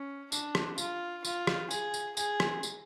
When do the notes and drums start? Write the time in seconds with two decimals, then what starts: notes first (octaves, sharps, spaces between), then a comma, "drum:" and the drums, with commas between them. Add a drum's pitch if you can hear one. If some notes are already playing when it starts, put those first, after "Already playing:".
Already playing: C#4
0.32 D4, drum: tambourine
0.55 drum: rim click
0.78 F4, drum: tambourine
1.25 F4, drum: tambourine
1.47 drum: rim click
1.71 G#4, drum: tambourine
1.94 drum: tambourine
2.17 G#4, drum: tambourine
2.40 drum: rim click
2.63 drum: tambourine